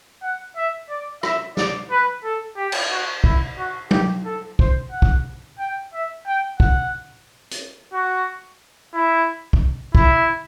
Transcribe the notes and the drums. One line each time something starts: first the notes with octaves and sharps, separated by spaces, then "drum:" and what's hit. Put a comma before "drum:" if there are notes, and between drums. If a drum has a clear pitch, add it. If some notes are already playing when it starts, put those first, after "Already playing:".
F#5
E5
D5
E5, drum: rim click
D5, drum: snare
B4
A4
G4
drum: cymbal
F#4
E4, drum: kick
F#4
G4, drum: tom F#3
A4
C5, drum: kick
F#5
drum: kick
G5
E5
G5
F#5, drum: kick
drum: hi-hat
F#4
E4
drum: kick
E4, drum: kick